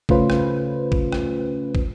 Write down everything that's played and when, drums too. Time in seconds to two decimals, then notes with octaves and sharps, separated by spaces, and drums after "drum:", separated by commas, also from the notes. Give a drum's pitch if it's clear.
0.09 C#3 A3 C#4 F4 B4 C5, drum: kick
0.30 drum: rim click
0.92 drum: kick
1.12 drum: rim click
1.75 drum: kick